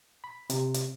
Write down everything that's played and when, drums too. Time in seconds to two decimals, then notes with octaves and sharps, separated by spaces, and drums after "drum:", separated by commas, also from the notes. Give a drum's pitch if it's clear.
0.24 B5
0.50 C3, drum: hi-hat
0.74 drum: hi-hat